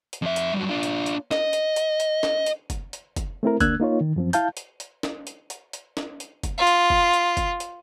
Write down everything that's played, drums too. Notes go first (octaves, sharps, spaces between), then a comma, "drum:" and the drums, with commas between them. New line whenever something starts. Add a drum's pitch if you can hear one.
drum: hi-hat
F2 E5
drum: hi-hat
G2 F#3
D4 F4
drum: hi-hat
drum: hi-hat
D#5, drum: snare
drum: hi-hat
drum: hi-hat
drum: hi-hat
drum: snare
drum: hi-hat
drum: kick, hi-hat
drum: hi-hat
drum: kick, hi-hat
A3 C4 E4 A#4
D2 A#3 D4 E6 F#6 G#6, drum: kick, hi-hat
A#3 D#4 F4 C#5
D#3
F#2 F3 C4
E4 F5 A5 G6, drum: hi-hat
drum: hi-hat
drum: hi-hat
drum: snare
drum: hi-hat
drum: hi-hat
drum: hi-hat
drum: snare
drum: hi-hat
drum: kick, hi-hat
F4
drum: hi-hat
drum: kick
drum: hi-hat
drum: kick, hi-hat
drum: hi-hat